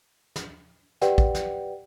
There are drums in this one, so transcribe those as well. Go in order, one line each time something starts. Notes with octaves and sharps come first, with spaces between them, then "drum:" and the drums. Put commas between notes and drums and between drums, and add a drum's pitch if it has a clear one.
drum: snare
G4 B4 D5 F#5 G5, drum: snare
drum: kick A1
drum: snare